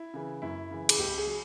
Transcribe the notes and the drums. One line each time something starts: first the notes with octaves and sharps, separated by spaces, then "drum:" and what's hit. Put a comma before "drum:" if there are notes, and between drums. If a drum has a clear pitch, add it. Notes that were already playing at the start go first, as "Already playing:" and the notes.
Already playing: E4
C#3 E3
F#2 E4
C#3 E3
G#4, drum: cymbal
C#2 G4
G#4
F#3